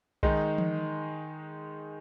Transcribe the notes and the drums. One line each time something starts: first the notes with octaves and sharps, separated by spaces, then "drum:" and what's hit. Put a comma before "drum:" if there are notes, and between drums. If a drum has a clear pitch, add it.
D#3 G#3 D#4, drum: kick B1
drum: tom E3